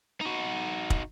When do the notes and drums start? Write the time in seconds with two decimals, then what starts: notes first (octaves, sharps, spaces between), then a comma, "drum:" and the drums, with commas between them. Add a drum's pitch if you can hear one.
0.21 D#4 F#4
0.90 drum: kick